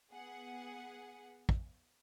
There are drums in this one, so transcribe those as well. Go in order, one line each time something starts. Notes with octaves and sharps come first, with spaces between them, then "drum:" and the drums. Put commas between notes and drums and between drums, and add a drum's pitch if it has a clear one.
B3 G#4 F#5
drum: kick